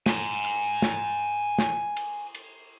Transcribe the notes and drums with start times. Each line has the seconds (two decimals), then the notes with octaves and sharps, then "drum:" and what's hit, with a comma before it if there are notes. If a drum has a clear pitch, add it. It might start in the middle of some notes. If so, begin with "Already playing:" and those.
0.06 G#5 A#5, drum: snare
0.44 drum: cymbal
0.82 drum: snare
1.59 drum: snare
1.97 drum: cymbal
2.35 drum: cymbal